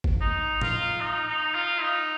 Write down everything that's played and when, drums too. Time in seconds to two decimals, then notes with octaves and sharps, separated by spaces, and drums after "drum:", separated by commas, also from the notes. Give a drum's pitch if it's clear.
0.04 drum: kick G#1
0.21 D#4
0.61 F4, drum: tom A2
1.01 D#4
1.28 D#4
1.55 F4
1.82 D#4